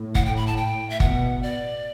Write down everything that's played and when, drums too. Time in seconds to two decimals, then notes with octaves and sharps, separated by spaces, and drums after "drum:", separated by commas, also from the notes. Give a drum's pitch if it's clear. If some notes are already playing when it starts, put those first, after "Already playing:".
Already playing: A2
0.15 F#5, drum: kick G1
0.26 G5
0.36 B5
0.47 A5
0.57 G5
0.90 E5
1.00 B2 F#5, drum: kick G1
1.43 D5